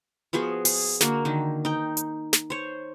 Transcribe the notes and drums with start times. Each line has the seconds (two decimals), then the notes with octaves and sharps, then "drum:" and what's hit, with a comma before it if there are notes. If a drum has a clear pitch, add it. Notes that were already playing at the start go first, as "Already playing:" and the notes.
0.33 F3 B3 F#4 G#4
0.65 G#4, drum: open hi-hat
1.01 D3 A#3 F#4, drum: snare
1.25 D3 D#3
1.65 D#4 G5
1.97 drum: hi-hat
2.33 drum: snare
2.50 C5 C#5